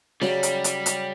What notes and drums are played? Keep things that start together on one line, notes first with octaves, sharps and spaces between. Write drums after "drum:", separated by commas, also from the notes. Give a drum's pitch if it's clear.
C#3 F#3 G3 B5, drum: snare C#4
drum: hi-hat
drum: hi-hat
drum: hi-hat